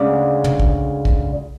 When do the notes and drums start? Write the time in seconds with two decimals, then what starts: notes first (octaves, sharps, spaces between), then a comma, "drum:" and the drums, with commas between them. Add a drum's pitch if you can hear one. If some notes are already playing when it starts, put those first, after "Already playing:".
Already playing: D2 C#3 G#3 D5
0.44 drum: tom
0.60 drum: kick
1.05 drum: kick